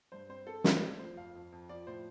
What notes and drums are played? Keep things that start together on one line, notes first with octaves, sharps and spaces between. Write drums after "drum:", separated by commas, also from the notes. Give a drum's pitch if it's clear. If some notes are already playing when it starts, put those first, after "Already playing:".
G2 C5
C4 C5
C4 A4
A3 C5, drum: snare
C4 D5
F3 C5
F2 F5
F2
F2
F3 D5
A2 C5